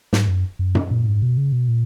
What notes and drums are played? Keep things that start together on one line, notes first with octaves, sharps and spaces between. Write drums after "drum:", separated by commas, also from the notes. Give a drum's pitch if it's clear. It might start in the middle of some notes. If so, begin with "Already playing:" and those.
G#2, drum: snare
F#2
F#2
drum: tom F#2
A#2
G#2
B2
C#3
B2
A#2